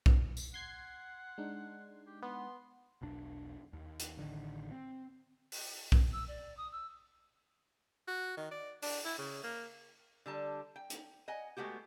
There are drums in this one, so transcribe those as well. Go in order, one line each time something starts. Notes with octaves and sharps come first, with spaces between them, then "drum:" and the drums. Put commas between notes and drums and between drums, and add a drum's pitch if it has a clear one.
drum: kick B1
drum: tambourine
F#5 C6 G#6 C7
G#3 D4 D#4
G4
B3 C6
E1 B1 D4
D#2
drum: hi-hat
A1 D3 D#3
C4
drum: open hi-hat
drum: kick B1
E6
D5
D#6
E6
F#4
D#3
D5
D4, drum: open hi-hat
E4
C#3
A#3
D3 G3 A5
G5
drum: hi-hat
D#5 F#5 G#5
G#3 A3 B3 F#4 G4